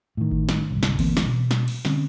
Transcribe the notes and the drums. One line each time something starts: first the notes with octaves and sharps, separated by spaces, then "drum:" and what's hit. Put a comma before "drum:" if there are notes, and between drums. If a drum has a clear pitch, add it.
A2 D#3
drum: kick G#1
drum: snare
G1 C2
drum: snare
D2 E3 A#3 C4, drum: kick G#1, cymbal
drum: snare
B2
drum: snare
drum: cymbal
D3 C4 C#4, drum: snare